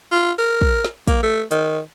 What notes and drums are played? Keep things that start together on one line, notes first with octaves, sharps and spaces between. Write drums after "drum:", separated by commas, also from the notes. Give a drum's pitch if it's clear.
F4
A#4
drum: kick
drum: snare
A#3, drum: kick, hi-hat
A3
D#3, drum: hi-hat